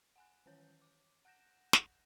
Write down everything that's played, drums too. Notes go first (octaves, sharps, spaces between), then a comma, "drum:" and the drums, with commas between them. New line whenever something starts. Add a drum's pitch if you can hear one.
F#5 G#5 F#6
D#3 E3 C#4 C#5 G6
D6
F#5 F#6 G6 A#6 E7
drum: snare